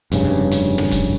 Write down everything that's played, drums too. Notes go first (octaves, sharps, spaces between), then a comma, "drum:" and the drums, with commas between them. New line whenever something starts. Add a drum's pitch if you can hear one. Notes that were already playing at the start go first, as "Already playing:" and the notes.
F1 G2 C#3, drum: hi-hat
drum: hi-hat
drum: snare
drum: kick, hi-hat